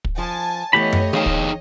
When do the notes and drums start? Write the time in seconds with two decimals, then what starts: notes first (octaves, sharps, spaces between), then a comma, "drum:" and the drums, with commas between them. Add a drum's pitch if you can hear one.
0.05 drum: kick
0.18 F3 C5 G#5 A5
0.73 E3 A3 B3 G4 C#5 D#5 B5
0.93 drum: tom F#2
1.13 E2 D#4 G#4 F5 G5
1.26 drum: kick